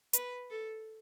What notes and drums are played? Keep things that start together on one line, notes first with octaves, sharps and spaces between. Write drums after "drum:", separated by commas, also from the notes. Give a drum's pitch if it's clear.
B4, drum: hi-hat
A4